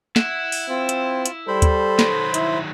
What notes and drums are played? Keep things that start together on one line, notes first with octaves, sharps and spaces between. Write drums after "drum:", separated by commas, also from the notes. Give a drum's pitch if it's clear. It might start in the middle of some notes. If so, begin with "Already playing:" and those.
E4 F#5, drum: snare
drum: open hi-hat
C4 F4
drum: hi-hat
drum: hi-hat
G3 A4 C5 B5
drum: kick D2, hi-hat
D#3 F#3, drum: snare
E4, drum: hi-hat